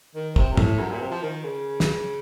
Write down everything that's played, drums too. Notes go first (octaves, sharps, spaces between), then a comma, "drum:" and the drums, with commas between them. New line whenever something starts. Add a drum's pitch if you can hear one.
D#3
C3, drum: kick
F#2
A2, drum: tom
F#2
A#2
C3
F3
D#3
C#3
drum: snare